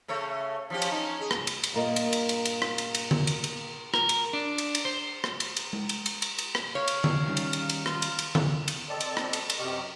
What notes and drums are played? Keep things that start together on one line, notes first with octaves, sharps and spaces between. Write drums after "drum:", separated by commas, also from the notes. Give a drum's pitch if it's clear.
C#3 A3 C#5
F3 C#4 G4
drum: cymbal
C#4 D#4
G#4
drum: rim click
drum: cymbal
drum: cymbal
G2 A#2 A#3 D#5
drum: cymbal
drum: cymbal
drum: cymbal
drum: cymbal
drum: rim click
drum: cymbal
drum: cymbal
drum: tom D3
drum: cymbal
drum: cymbal
A#4, drum: rim click
drum: cymbal
D4
drum: cymbal
drum: cymbal
C5
drum: rim click
drum: cymbal
drum: cymbal
drum: tom G#3
drum: cymbal
drum: cymbal
drum: cymbal
drum: cymbal
drum: rim click
C#5 F5
drum: cymbal
drum: tom D3
D#3 G3 C#4
drum: cymbal
drum: cymbal
drum: cymbal
F4, drum: rim click
drum: cymbal
drum: cymbal
drum: tom D3
drum: cymbal
C4 A4 D5 D#5 A5
drum: cymbal
drum: rim click
drum: cymbal
drum: cymbal
F#2 C3 G4 D#5 C#6 F6